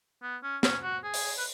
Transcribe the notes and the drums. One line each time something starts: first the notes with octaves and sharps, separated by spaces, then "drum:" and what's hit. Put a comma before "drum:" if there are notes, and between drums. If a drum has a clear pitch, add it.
B3
C#4
C#4, drum: snare
F#4
G#4
drum: open hi-hat
B4